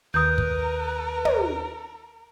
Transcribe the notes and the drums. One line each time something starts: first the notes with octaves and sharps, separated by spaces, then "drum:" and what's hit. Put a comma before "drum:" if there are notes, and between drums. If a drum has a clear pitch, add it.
D#2 A#4 B4 D#6 G6
drum: kick
drum: tom